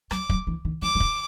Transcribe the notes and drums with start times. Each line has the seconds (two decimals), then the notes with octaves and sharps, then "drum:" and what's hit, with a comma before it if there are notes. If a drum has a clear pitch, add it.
0.11 F#3 D6, drum: rim click
0.30 F#3, drum: kick
0.47 E3
0.65 D#3
0.82 F3 D6
0.95 F3
1.00 E3, drum: kick